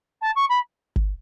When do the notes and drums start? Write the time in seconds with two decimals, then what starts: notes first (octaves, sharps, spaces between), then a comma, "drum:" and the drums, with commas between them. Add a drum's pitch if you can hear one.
0.21 A5
0.35 C#6
0.49 B5
0.96 drum: kick G1